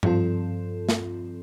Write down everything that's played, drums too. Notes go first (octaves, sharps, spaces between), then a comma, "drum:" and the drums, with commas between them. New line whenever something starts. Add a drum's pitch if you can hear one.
G2 F3 C4 F4 A4, drum: tom G#2
drum: snare